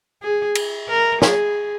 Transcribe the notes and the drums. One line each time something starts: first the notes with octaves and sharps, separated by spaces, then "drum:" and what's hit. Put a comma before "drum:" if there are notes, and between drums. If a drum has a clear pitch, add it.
G#4
drum: cymbal
A#4
G#4, drum: snare